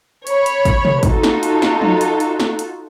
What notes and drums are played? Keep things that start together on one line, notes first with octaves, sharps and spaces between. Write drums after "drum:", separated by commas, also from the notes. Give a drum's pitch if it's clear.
C#5 B5, drum: hi-hat
drum: hi-hat
drum: kick, hi-hat
drum: tom C3
D#4 F4 F#4 A4, drum: kick, hi-hat
drum: snare
drum: hi-hat
drum: snare
drum: tom F3
drum: hi-hat
drum: hi-hat
drum: snare
drum: hi-hat